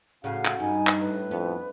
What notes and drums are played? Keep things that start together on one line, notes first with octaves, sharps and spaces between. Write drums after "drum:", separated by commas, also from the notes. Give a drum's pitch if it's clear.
A2 C#3 C#4 F#4 F5 F#5
drum: clap
G2 D#4 G#5
drum: clap
A2 B4
F2 B3